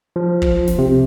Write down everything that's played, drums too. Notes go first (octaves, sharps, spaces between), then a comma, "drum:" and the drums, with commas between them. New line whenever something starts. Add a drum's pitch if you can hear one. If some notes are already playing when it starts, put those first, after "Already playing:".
F3
drum: kick
drum: snare
C3